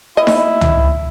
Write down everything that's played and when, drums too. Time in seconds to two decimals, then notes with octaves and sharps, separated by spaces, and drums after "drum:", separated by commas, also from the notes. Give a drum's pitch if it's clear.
0.17 E4 D#5
0.27 drum: snare D#4
0.61 drum: tom